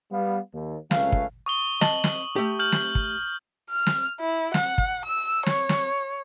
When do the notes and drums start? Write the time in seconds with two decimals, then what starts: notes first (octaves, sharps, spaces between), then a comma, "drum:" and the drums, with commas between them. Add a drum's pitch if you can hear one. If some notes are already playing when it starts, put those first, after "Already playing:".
0.11 G3 B3 F5
0.54 D#2
0.91 C#2 A3 C#4 B4 F5, drum: snare
1.12 drum: kick
1.46 C#6 D#6 G7
1.81 D#5 A5 F#7, drum: snare
2.04 drum: snare
2.36 A3 G4
2.59 F6 G6 F#7
2.72 drum: snare
2.95 drum: kick
3.70 F6
3.87 drum: snare
4.20 E4
4.54 F#5, drum: snare
4.78 drum: kick
5.05 E6
5.46 C#5, drum: snare
5.69 drum: snare